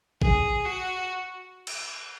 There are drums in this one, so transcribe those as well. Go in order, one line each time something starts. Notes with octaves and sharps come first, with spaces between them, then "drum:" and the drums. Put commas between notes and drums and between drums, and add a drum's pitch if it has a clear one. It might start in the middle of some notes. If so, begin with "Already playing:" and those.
G#4, drum: kick A1
F#4
drum: cymbal